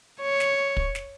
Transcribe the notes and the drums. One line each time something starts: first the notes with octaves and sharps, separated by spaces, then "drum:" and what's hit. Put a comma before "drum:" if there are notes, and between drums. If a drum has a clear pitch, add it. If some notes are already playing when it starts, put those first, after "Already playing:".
C#5
drum: snare
drum: kick
drum: snare